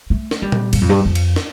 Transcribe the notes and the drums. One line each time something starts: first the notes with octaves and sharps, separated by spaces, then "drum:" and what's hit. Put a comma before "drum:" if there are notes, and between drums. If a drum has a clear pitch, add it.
A3
drum: snare
G3
drum: tom A#2
G2, drum: cymbal
F2
G2
F2
drum: cymbal
drum: snare